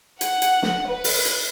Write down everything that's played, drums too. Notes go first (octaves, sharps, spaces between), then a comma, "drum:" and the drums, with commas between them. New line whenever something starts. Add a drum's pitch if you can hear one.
F#5, drum: hi-hat
drum: hi-hat
drum: snare
B4
drum: open hi-hat
drum: hi-hat